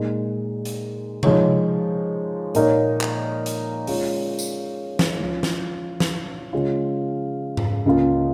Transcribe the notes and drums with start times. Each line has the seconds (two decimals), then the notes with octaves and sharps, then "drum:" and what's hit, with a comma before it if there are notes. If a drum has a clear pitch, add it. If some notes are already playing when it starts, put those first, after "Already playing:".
Already playing: A#2 G#3 D#4
0.65 drum: hi-hat
1.23 F3 G#3 D#4 C#5, drum: tom C3
2.55 A#2 A#3 D#4 A#4 C#5, drum: hi-hat
3.01 drum: clap
3.46 drum: hi-hat
3.87 G#3 C#4 F4 C#5, drum: open hi-hat
4.39 drum: tambourine
4.99 drum: snare
5.20 F3 C#4 F4
5.43 drum: snare
6.00 drum: snare
6.53 C#3 G#3 C#4 F4
7.57 drum: tom G#2
7.86 C#2 C#3 A#3 F4